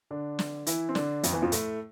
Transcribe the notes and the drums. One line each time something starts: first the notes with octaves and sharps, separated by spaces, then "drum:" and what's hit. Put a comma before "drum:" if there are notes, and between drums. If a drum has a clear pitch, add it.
D3 D4
drum: snare
E3 E4, drum: hi-hat
C4
D3 D4, drum: snare
F2 F3, drum: hi-hat
E2 E3
F2 F3
A2 A3, drum: hi-hat